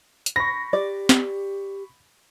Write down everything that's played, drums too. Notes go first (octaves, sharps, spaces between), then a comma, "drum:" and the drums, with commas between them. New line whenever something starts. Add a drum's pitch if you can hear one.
drum: hi-hat
B5 C#6 A#6
G4 D5
drum: snare